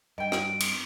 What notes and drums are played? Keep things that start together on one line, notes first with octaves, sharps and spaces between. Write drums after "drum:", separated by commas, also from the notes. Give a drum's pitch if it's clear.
G2 B2 D#5 G5 D7
drum: rim click
drum: cymbal